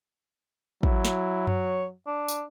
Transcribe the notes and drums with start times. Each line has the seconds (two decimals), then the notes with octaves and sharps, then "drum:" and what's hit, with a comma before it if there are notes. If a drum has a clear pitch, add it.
0.83 F#3 E4, drum: kick
1.05 drum: snare
1.47 C#5, drum: tom F#2
2.07 D4
2.28 drum: tambourine